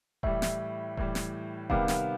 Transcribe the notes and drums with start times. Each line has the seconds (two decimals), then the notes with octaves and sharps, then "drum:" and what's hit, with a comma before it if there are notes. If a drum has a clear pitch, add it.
0.23 A2 E3 G3 E5, drum: kick D#1
0.42 drum: snare
0.97 A2 E3 G3, drum: kick D#1
1.15 drum: snare
1.70 C3 D#3 G3 B3 F5, drum: kick D#1
1.88 drum: snare